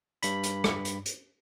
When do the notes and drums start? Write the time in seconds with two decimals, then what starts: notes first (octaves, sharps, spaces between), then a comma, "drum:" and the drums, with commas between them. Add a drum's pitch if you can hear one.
0.23 G2 B5, drum: hi-hat
0.43 drum: hi-hat
0.64 drum: rim click
0.85 drum: hi-hat
1.06 drum: hi-hat